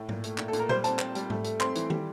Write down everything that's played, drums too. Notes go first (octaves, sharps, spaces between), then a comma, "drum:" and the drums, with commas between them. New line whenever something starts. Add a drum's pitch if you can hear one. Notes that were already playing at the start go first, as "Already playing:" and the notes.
Already playing: A2
A#2, drum: tom G#2
A3, drum: hi-hat
A#2, drum: clap
A4
A#2, drum: hi-hat
A#4
G3 C5, drum: tom A#2
C4 A5, drum: hi-hat
C4, drum: clap
G3, drum: hi-hat
A3, drum: tom G#2
A3, drum: hi-hat
C4 C6, drum: clap
E3, drum: hi-hat
G3, drum: tom